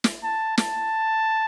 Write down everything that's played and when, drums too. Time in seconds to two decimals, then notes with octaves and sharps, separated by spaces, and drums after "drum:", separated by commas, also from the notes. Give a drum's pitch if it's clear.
0.04 drum: snare
0.24 A5
0.58 A5, drum: snare